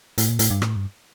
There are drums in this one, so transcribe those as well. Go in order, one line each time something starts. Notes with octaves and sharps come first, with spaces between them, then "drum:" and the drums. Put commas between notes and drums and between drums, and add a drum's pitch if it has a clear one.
A2, drum: hi-hat
A#2
A2, drum: hi-hat
G2
A2, drum: rim click
G2